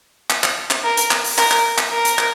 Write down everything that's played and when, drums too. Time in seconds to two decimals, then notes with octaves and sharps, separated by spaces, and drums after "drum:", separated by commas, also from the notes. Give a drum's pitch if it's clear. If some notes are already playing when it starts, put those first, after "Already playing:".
0.30 drum: clap
0.44 drum: clap
0.71 drum: clap
0.84 A#4
0.97 drum: hi-hat
1.11 drum: clap
1.24 drum: open hi-hat
1.38 A#4, drum: clap
1.51 drum: clap
1.78 drum: clap
1.92 A#4
2.05 drum: hi-hat
2.19 drum: clap